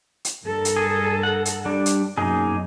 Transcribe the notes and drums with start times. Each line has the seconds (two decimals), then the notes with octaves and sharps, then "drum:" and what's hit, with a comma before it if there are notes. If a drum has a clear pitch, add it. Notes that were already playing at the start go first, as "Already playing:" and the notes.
0.25 drum: hi-hat
0.44 G2 A4 A#4
0.65 drum: hi-hat
0.77 G#4
1.23 F#5
1.45 drum: hi-hat
1.66 G3 D4
1.86 drum: hi-hat
2.18 F#2 B2 A#3 D#4 G#4